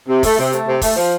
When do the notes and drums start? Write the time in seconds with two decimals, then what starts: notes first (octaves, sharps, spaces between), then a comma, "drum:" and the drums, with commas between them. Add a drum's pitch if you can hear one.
0.08 C3
0.23 A3, drum: kick, open hi-hat
0.37 C3
0.52 A3, drum: hi-hat
0.66 C3
0.81 A3, drum: kick, open hi-hat
0.96 F3